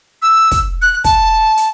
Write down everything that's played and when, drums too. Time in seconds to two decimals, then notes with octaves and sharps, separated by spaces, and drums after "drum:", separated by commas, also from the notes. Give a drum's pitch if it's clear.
0.22 E6
0.51 drum: kick, hi-hat
0.82 F#6
1.04 A5, drum: kick, hi-hat
1.57 drum: hi-hat